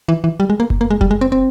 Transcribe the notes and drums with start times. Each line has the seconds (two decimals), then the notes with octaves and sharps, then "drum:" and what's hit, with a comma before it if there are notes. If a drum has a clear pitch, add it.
0.08 E3
0.24 E3
0.40 G3
0.50 G#3
0.60 A#3
0.70 drum: kick F#1
0.81 A#3
0.90 G#3
1.01 G3, drum: kick F#1
1.11 G#3
1.21 C4
1.32 C4